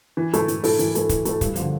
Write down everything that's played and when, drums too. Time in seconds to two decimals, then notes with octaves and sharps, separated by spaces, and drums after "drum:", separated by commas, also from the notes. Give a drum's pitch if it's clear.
0.17 E3
0.33 A3 E4 A4, drum: hi-hat
0.48 E3, drum: hi-hat
0.64 A3 E4 A4, drum: open hi-hat
0.79 E3, drum: hi-hat
0.95 A3 E4 A4, drum: hi-hat
1.09 E3, drum: kick, hi-hat
1.25 A3 E4 A4, drum: hi-hat
1.41 G2, drum: kick, hi-hat
1.56 D3 F3, drum: hi-hat